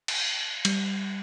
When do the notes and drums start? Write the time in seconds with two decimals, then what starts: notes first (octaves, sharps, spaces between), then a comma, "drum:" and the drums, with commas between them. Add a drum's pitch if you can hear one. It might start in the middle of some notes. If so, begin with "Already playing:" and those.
0.08 drum: cymbal
0.65 G3, drum: cymbal